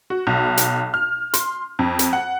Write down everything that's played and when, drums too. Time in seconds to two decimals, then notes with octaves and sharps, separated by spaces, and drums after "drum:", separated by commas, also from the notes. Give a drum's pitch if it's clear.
0.10 F#4
0.27 B1
0.57 drum: hi-hat
0.94 F6
1.34 C6, drum: hi-hat
1.79 F2
1.99 drum: hi-hat
2.13 F#5